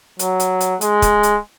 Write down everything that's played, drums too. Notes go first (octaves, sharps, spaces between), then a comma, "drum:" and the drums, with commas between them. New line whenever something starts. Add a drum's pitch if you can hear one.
F#3, drum: hi-hat
drum: hi-hat
drum: hi-hat
G#3, drum: hi-hat
drum: kick, hi-hat
drum: hi-hat